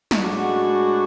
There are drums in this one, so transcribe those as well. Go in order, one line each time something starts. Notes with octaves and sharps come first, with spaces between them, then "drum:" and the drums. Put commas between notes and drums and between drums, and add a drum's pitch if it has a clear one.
drum: snare
A2 G#3 D4 F#4